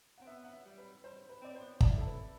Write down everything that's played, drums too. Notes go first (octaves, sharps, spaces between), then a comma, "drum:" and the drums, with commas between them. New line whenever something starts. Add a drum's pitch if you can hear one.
C4 F#5
B3 E5
F#5
E5
G3
B4
G3 C5
B4
C4 D5
C5
B3
E4 D5, drum: kick
A4
B4